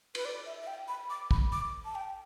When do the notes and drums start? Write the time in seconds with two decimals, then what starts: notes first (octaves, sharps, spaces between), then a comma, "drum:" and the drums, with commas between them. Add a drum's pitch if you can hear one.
0.15 B4, drum: cymbal
0.25 D5
0.46 E5
0.61 E5
0.67 G5
0.88 B5
1.10 D6
1.31 B5, drum: kick
1.52 D6
1.85 A5
1.95 G5